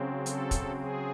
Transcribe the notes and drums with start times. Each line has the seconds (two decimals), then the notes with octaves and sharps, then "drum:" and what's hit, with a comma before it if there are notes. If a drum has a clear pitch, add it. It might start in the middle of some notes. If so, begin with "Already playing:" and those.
Already playing: C#3 F#3 C4
0.26 A4, drum: hi-hat
0.51 drum: kick, hi-hat
0.77 G#4